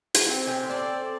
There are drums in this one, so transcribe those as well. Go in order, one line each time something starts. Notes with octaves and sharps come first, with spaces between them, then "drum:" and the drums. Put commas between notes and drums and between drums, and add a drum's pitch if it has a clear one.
drum: hi-hat
C4
A2 G4 G#5
C4 A4 D5